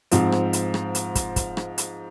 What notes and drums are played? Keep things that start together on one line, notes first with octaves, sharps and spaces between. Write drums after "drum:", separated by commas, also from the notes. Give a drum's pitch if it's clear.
G#2 F3 C4, drum: hi-hat
drum: rim click
drum: hi-hat
drum: rim click
drum: hi-hat
drum: kick, hi-hat
drum: kick, hi-hat
drum: rim click
drum: hi-hat